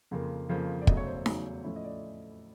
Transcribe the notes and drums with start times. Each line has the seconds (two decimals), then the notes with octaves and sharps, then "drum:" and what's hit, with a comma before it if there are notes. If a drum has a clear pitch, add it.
0.11 F2 C#3 F3 A#3
0.49 F2 C#3 F3 A#3
0.82 D5
0.87 E2 C#3 F#3 A3 D#5, drum: kick
0.97 C#5
1.07 C5
1.17 C#5
1.26 E2 C#3 F#3 A3, drum: snare D#4
1.64 A2 F3 A3 C#4 E4
1.76 D#5
1.85 D5